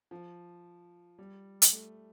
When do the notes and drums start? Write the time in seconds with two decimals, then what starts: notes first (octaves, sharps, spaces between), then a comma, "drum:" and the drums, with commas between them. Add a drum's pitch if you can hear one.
0.11 F3
1.19 G3
1.62 drum: hi-hat
1.72 A3